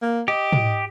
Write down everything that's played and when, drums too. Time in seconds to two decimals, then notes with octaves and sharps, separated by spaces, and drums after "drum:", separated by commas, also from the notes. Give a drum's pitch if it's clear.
0.02 A#3
0.28 G4 D#5
0.53 drum: tom